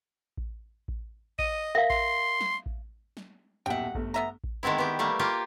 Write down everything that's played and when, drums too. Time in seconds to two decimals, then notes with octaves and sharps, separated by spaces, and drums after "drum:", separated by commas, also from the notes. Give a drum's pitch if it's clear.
0.37 drum: kick A1
0.88 drum: kick A1
1.39 D#5 D#7, drum: kick A1
1.75 A#4 E5 F5 A#6
1.90 C6, drum: kick A1
2.41 drum: snare
2.66 drum: kick A1
3.17 drum: snare
3.66 D#1 B1 E5 F#5 G5
3.95 G1 A3, drum: kick A1
4.14 B3 E5 A#5
4.44 drum: kick A1
4.63 D#3 G#3 B3 C4 E4
4.78 B3 G4
4.99 G3 A3 A#3
5.19 A#3 F4 G4